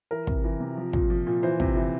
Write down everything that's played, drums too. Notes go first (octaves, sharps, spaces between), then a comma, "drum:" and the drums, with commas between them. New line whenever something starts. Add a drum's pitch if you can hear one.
E3 A#4
C3, drum: kick
E3
C3
F3
A#2, drum: kick
F3
A#2
E3 C5
C3, drum: kick
E3